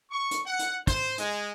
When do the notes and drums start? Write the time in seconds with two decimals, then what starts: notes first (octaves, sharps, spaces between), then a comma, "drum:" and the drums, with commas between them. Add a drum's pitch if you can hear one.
0.11 C#6
0.31 drum: hi-hat
0.46 F#5
0.59 drum: hi-hat
0.87 C5, drum: kick, hi-hat
1.18 G#3, drum: hi-hat